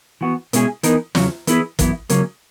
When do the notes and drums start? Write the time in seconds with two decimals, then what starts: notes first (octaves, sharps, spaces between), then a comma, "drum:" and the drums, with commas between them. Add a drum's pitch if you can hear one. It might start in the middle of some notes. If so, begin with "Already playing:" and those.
0.21 E3 B3 F#4
0.53 B2 G#3 C#4 E4 G#4, drum: hi-hat
0.83 E3 B3 D#4 A#4, drum: hi-hat
1.15 E2 C#3 F#3 C#4, drum: snare
1.47 E3 B3 E4 G#4 B4, drum: hi-hat
1.79 F#2 E3 B3 E4, drum: kick, hi-hat
2.09 C#2 C#3 F#3 A#3 C#4, drum: hi-hat